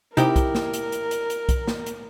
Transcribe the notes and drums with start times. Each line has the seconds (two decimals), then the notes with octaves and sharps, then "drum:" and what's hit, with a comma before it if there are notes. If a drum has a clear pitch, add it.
0.17 C3 D#4 E4 G4 A#4, drum: hi-hat
0.36 drum: kick B1, hi-hat
0.55 drum: snare
0.73 drum: hi-hat
0.92 drum: hi-hat
1.11 drum: hi-hat
1.30 drum: hi-hat
1.49 drum: kick B1, hi-hat
1.67 drum: snare
1.86 drum: hi-hat